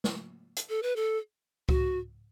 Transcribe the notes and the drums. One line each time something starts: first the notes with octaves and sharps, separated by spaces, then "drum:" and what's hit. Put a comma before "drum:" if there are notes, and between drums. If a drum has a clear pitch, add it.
drum: snare
drum: hi-hat
A4
B4
A4
F#4, drum: kick C#2